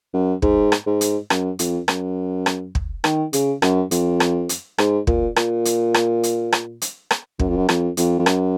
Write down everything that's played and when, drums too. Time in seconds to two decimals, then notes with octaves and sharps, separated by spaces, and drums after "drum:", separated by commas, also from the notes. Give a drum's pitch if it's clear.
0.14 F#2
0.42 G#2, drum: kick
0.72 drum: rim click
0.86 G#2
1.01 drum: hi-hat
1.30 F#2, drum: rim click
1.59 F2, drum: hi-hat
1.88 F#2, drum: rim click
2.46 drum: rim click
2.75 drum: kick
3.04 D#3, drum: rim click
3.33 C#3, drum: hi-hat
3.62 F#2, drum: rim click
3.91 F2, drum: hi-hat
4.20 drum: rim click
4.49 drum: hi-hat
4.78 G#2, drum: rim click
5.07 A#2, drum: kick
5.36 A#2, drum: rim click
5.65 drum: hi-hat
5.94 drum: rim click
6.23 drum: hi-hat
6.52 drum: rim click
6.82 drum: hi-hat
7.11 drum: rim click
7.40 F#2, drum: kick
7.48 F2
7.57 F#2
7.69 F2, drum: rim click
7.97 F2, drum: hi-hat
8.19 F2
8.26 F#2, drum: rim click